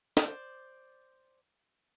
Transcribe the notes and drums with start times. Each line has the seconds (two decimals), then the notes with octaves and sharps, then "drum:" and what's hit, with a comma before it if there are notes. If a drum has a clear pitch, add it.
0.17 C5 D5, drum: snare